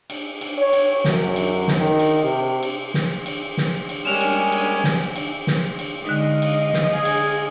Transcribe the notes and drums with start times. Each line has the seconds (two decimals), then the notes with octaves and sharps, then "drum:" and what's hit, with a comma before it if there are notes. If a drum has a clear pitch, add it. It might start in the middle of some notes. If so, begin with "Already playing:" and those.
0.10 drum: cymbal
0.41 drum: cymbal
0.58 C#5
0.73 drum: cymbal
1.05 F#2, drum: snare
1.36 drum: cymbal
1.68 drum: snare
1.78 D#3
1.99 drum: cymbal
2.23 C3
2.63 drum: cymbal
2.94 drum: snare
3.26 drum: cymbal
3.57 drum: snare
3.89 drum: cymbal
4.05 G3 G#3 A#3 C#4 E7 F7
4.21 drum: cymbal
4.52 drum: cymbal
4.84 drum: snare
5.16 drum: cymbal
5.47 drum: snare
5.79 drum: cymbal
6.05 D3 G#3 D#4 D#5 F5
6.42 drum: cymbal
6.74 drum: snare
6.94 G#4
7.05 drum: cymbal